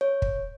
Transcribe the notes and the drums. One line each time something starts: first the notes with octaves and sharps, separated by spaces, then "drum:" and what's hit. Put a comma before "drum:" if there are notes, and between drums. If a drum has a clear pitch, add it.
C#5
drum: kick